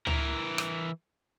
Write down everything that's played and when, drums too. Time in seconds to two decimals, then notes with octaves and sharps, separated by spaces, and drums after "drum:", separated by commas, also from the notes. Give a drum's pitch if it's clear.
0.07 E3 A#4, drum: tom C#2
0.58 drum: rim click